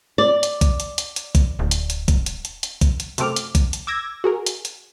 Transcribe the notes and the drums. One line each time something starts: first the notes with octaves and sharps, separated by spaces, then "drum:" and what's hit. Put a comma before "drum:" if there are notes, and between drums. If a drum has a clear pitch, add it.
D5
drum: hi-hat
drum: kick B1, hi-hat
drum: hi-hat
drum: hi-hat
drum: hi-hat
drum: kick B1, hi-hat
D1
drum: hi-hat
drum: hi-hat
drum: kick B1, hi-hat
drum: hi-hat
drum: hi-hat
drum: hi-hat
drum: kick B1, hi-hat
drum: hi-hat
F#2 C3 A3 C4 D6 F6, drum: hi-hat
drum: hi-hat
drum: kick B1, hi-hat
drum: hi-hat
D6 E6 G#6 A#6
F#4 G#4 A#4
drum: hi-hat
drum: hi-hat